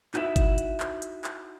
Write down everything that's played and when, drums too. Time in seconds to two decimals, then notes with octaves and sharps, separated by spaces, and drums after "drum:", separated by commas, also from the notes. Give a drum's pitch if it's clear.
0.14 D#4 E4 F#4 A#4 E5, drum: clap
0.36 drum: kick G1, hi-hat
0.58 drum: hi-hat
0.80 drum: clap
1.02 drum: hi-hat
1.24 drum: clap